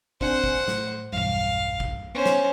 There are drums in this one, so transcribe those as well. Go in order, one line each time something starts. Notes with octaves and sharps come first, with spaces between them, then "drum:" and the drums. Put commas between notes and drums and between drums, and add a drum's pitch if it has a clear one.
C4 D4 C5 F#5 G#5, drum: kick
drum: kick
A2, drum: snare
B1 E2 G2 F5
drum: kick
B3 C#4 C5
drum: snare